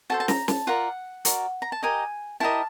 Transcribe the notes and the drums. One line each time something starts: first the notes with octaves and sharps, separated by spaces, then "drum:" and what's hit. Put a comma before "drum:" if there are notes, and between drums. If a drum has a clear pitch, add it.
F#4 A4 C5 A5
A5
A#5, drum: snare
A5, drum: snare
F4 A#4 D5 F#5
F#4 A#4 D5, drum: hi-hat
A#5
A5
G4 A#4 D#5 G#5
E4 G4 A#4 D#5 A5